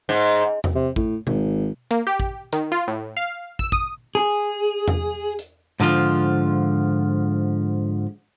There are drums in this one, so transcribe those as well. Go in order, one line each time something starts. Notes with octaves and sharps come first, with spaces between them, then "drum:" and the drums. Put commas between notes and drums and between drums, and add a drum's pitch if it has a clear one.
G#2
drum: tom E2
C3
A2, drum: kick
G#1, drum: tom B2
A#3, drum: hi-hat
G4
drum: kick
D#3, drum: hi-hat
F4
A2
F5
E6, drum: kick
D#6, drum: kick
G#4
drum: tom E2
drum: hi-hat
G#2 D3 F3 F4